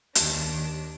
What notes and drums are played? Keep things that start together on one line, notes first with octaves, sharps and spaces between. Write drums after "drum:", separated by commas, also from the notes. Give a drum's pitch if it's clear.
D#2 D4, drum: hi-hat